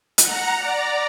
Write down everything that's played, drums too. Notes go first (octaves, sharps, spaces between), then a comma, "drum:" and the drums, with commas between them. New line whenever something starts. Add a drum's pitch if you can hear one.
F#5 A#5, drum: hi-hat
D5 A#5